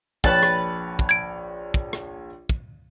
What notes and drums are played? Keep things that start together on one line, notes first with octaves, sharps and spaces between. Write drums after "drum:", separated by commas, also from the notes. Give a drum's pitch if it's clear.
A#1 B4 C#5 G5 A5, drum: kick
drum: rim click
drum: kick
G#6 D7
drum: kick
drum: rim click
drum: kick